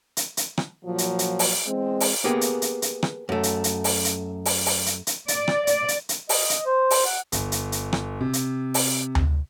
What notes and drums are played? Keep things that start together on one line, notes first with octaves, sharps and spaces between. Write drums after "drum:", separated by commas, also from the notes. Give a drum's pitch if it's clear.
drum: hi-hat
drum: hi-hat
drum: rim click
A#2 F3 F#3
drum: hi-hat
drum: hi-hat
drum: open hi-hat
E2 G#3 C4
drum: open hi-hat
A#3 B3 G4 G#4
drum: hi-hat
drum: hi-hat
drum: hi-hat
drum: rim click
F#2 A3
drum: hi-hat
drum: hi-hat
drum: open hi-hat
drum: hi-hat
drum: open hi-hat
drum: open hi-hat
drum: hi-hat
drum: hi-hat
D5, drum: hi-hat
drum: rim click
D5, drum: hi-hat
drum: hi-hat
drum: hi-hat
D#5, drum: open hi-hat
drum: hi-hat
C5
drum: open hi-hat
F#5
G1, drum: hi-hat
drum: hi-hat
drum: hi-hat
drum: rim click
C3
drum: hi-hat
drum: open hi-hat
drum: tom D2